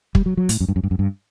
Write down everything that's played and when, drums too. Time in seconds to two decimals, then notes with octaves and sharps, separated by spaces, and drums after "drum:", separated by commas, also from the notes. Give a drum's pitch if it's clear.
0.15 G3, drum: kick
0.26 F#3
0.37 F#3
0.49 A2, drum: hi-hat
0.60 F#2
0.68 G2
0.76 F#2
0.83 G2
0.91 F#2
0.99 G2